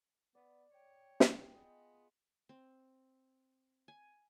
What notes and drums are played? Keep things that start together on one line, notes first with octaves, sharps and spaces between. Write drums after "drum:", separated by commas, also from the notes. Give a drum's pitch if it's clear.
B3 D5
C#5 G5
drum: snare
B3 F4 G#4 D#5
C4
G#5